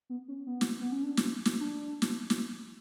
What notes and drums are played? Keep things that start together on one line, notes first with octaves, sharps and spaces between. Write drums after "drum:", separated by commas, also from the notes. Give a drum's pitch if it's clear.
B3
C#4
B3
drum: snare
B3
C#4
D4
drum: snare
drum: snare
D4
drum: snare
drum: snare